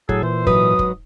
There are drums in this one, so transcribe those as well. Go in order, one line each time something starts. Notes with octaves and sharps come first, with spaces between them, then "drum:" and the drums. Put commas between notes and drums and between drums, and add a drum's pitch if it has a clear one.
A2 F#3 G#4 A4, drum: kick
A#2 E3 C5
G#2 F#3 B4 D#6, drum: kick
drum: kick